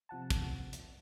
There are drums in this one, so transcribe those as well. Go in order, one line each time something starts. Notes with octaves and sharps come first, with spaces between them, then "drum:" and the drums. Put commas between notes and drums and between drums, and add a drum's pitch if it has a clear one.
C3 F3 F#5 A5
drum: kick, hi-hat
drum: hi-hat